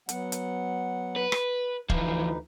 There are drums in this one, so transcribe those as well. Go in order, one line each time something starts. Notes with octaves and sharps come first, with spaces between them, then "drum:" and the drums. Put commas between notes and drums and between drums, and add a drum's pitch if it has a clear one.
F#3 B3 F#5, drum: hi-hat
drum: hi-hat
B4
drum: rim click
D2 E3 F3 D#4 B4, drum: kick